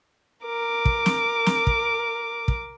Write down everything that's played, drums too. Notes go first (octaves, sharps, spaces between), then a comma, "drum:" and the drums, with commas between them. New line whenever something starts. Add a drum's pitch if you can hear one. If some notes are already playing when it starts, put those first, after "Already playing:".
A#4 D6
drum: kick
drum: snare
drum: snare
drum: kick
drum: kick